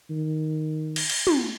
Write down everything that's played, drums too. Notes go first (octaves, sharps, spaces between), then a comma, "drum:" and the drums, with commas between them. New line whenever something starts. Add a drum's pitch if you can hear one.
D#3
drum: cymbal
drum: cymbal
drum: tom